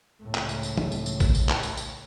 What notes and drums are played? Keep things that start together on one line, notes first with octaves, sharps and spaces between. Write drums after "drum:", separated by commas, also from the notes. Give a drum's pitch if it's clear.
C#2 A2
drum: clap
drum: tambourine
drum: tambourine
drum: tom E3
drum: tambourine
drum: tambourine
drum: kick A#1, tambourine
drum: tambourine
drum: clap
drum: tambourine
drum: tambourine